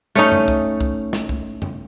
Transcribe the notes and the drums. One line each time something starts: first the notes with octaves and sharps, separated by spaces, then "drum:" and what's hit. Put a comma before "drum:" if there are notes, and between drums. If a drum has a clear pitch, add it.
A3 C#4 D#4
drum: tom F2
drum: kick B1
drum: kick B1
drum: snare
drum: kick B1
drum: tom F2